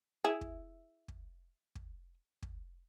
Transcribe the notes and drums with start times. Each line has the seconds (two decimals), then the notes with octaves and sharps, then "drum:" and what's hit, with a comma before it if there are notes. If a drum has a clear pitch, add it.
0.24 E4 G#4
0.41 drum: kick
1.08 drum: kick
1.75 drum: kick
2.42 drum: kick